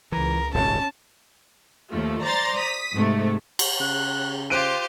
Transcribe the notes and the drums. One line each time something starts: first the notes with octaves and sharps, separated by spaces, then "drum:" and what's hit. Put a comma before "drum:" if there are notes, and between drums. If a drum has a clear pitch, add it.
C#2 E3 A#4
D#1 G#1 C#2 C#4 A5
D#2 F3 A3
C5 D5 A#5 C6 A6
D#6 B6
G#2 C3 A3
drum: cymbal
C#3 F#6
F4 G4 C5 F#6 D7 D#7